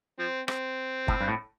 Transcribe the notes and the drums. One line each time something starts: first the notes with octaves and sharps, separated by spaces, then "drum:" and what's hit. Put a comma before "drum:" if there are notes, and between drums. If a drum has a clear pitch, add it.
F3 C4
C4, drum: rim click
A2, drum: kick G1
G2
A2